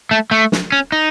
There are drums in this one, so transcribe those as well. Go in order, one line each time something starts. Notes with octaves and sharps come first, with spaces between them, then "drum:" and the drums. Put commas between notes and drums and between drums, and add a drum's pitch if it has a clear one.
A3
A3
drum: snare
C#4
D#4